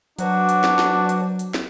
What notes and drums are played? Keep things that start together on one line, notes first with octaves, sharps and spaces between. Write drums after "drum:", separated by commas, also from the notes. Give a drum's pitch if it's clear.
F#3 D4 F#4 B4 C5 F#5, drum: hi-hat
drum: hi-hat
drum: snare
drum: snare
drum: hi-hat
drum: hi-hat
drum: snare